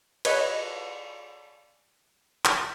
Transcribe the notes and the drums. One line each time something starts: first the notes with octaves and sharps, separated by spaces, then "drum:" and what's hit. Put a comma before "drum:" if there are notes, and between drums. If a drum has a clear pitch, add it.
B4 C#5 D#5, drum: cymbal
drum: clap